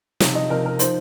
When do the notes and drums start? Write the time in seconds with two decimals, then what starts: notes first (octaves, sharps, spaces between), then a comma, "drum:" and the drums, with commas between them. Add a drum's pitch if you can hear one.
0.20 C3 F3 D#4, drum: snare
0.35 D#5
0.50 C3 F3 D#4 A#4
0.65 A#4
0.79 F3 D#4 C5, drum: hi-hat